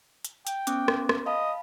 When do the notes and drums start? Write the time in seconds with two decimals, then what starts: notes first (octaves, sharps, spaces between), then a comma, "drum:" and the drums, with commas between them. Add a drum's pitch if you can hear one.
0.25 drum: hi-hat
0.47 G5, drum: hi-hat
0.67 B3 C#4 D6, drum: hi-hat
0.88 drum: rim click
1.09 drum: rim click
1.26 D#5 F5 A5 B5